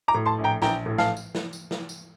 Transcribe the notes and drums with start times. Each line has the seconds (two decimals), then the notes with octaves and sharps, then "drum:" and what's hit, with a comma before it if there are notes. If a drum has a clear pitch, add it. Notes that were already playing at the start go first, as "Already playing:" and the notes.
0.08 A#5 D6
0.15 A2
0.25 A5 C6
0.38 A#1
0.44 G5 A#5
0.62 A#1 G5 A#5, drum: snare
0.86 A2
0.98 F5 A5, drum: snare
1.17 drum: tambourine
1.35 drum: snare
1.53 drum: tambourine
1.71 drum: snare
1.89 drum: tambourine